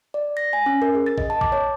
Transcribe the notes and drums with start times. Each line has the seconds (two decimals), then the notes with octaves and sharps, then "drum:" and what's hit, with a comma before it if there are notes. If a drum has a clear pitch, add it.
0.14 D5
0.37 A#6
0.53 G#5
0.66 C#4
0.82 A#4
0.95 G#4
1.06 A6
1.18 D#5, drum: kick A1
1.30 A5
1.41 D6, drum: kick A1
1.52 C#5